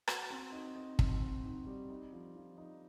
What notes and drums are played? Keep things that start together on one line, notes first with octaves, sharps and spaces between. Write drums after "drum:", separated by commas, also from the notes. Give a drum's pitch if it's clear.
F#4, drum: rim click
C4
D#4
D#4
C4, drum: kick
D#4
D#4
G3
D#4
F3
F3
D#4